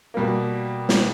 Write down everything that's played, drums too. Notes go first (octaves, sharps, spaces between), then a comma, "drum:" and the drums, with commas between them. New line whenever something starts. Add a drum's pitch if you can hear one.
B2 G3 A#3
drum: snare